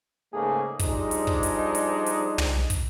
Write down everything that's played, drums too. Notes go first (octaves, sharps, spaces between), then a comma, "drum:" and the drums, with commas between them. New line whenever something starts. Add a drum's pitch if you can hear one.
G#2 C#3 A3 A#3 G#4
F3 G3 G#3 D4 D#4, drum: kick, hi-hat
drum: hi-hat
drum: kick
drum: hi-hat
drum: hi-hat
drum: hi-hat
drum: tom
drum: kick, hi-hat